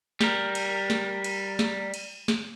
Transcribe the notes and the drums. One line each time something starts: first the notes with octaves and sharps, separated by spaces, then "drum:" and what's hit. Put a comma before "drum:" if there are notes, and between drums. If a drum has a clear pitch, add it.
G3 A#4, drum: snare
drum: cymbal
drum: snare
drum: cymbal
drum: snare
drum: cymbal
drum: snare